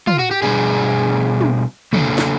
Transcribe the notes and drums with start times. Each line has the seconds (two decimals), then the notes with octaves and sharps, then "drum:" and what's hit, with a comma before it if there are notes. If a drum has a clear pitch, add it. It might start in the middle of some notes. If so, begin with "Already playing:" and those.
0.07 F4, drum: tom
0.19 F#4
0.31 G4
0.42 B2 G3 B3 D4 G#4
1.41 drum: tom
1.93 C#3 F#3 A#3 D4 A4, drum: tom
2.18 drum: snare